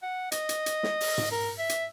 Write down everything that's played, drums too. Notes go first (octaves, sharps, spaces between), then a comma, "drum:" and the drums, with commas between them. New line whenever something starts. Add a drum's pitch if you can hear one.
F#5
D#5, drum: hi-hat
drum: hi-hat
drum: hi-hat
drum: snare
drum: open hi-hat
drum: tom G#2
A#4
E5
drum: hi-hat